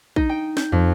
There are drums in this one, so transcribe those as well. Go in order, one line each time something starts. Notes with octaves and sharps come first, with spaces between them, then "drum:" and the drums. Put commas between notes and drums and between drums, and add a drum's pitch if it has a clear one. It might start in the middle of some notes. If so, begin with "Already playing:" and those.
D#4, drum: kick
G5
G6, drum: snare
F2